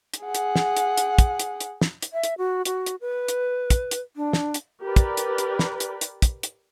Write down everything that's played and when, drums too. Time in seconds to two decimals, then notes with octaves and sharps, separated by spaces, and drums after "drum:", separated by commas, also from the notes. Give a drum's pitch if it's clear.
0.14 drum: hi-hat
0.23 G#4 F#5
0.35 drum: hi-hat
0.56 drum: snare
0.77 drum: hi-hat
0.98 drum: hi-hat
1.19 drum: kick, hi-hat
1.40 drum: hi-hat
1.60 drum: hi-hat
1.81 drum: snare
2.02 drum: hi-hat
2.13 E5
2.23 drum: hi-hat
2.38 F#4
2.65 F#4, drum: hi-hat
2.86 drum: hi-hat
3.01 B4
3.28 drum: hi-hat
3.70 drum: kick, hi-hat
3.91 drum: hi-hat
4.16 D4
4.33 drum: snare
4.54 drum: hi-hat
4.82 G4 A#4 B4 D5
4.96 drum: kick, hi-hat
5.17 drum: hi-hat
5.38 drum: hi-hat
5.59 drum: snare
5.80 drum: hi-hat
6.01 drum: hi-hat
6.22 drum: kick, hi-hat
6.43 drum: hi-hat